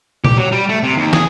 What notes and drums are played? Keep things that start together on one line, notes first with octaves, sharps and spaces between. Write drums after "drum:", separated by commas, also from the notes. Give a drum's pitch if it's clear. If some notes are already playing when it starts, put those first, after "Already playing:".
G4, drum: tom A#2
F#3
G3
A3
C3
D#2
G#4, drum: snare